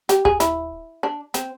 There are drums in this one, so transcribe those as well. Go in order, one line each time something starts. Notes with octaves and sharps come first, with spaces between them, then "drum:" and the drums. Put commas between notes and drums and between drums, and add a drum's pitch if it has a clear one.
G4, drum: snare
G#4, drum: kick D#1
E4, drum: snare
D4
C4, drum: snare